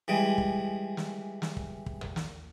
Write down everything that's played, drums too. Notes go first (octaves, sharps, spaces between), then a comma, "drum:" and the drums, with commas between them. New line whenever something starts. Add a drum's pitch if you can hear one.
E3 G3 G#3
drum: kick
drum: snare
drum: snare
drum: kick
drum: kick
drum: tom
drum: snare